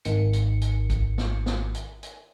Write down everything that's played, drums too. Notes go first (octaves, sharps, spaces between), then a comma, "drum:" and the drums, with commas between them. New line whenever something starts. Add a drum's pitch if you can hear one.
G#1 D#3 C#7, drum: hi-hat
drum: hi-hat
drum: hi-hat
drum: kick, hi-hat
drum: snare
drum: snare
drum: hi-hat
drum: hi-hat